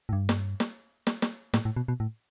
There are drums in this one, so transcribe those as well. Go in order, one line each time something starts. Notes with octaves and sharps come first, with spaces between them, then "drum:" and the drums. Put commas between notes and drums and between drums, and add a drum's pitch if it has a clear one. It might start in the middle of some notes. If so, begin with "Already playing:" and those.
A2
G2
drum: snare
drum: snare
drum: snare
drum: snare
A2, drum: snare
A2
B2
B2
A2